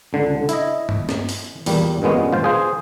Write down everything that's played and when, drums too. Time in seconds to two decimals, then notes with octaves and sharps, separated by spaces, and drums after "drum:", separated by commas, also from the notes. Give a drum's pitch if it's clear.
0.13 C#2 D3
0.49 E4 D#5, drum: hi-hat
0.89 drum: tom G2
1.09 drum: snare
1.29 drum: open hi-hat
1.66 E2 A#2 G3, drum: open hi-hat
2.02 G2 A#2 G#3 B3 C#4
2.33 F4 C5
2.44 G#4 C5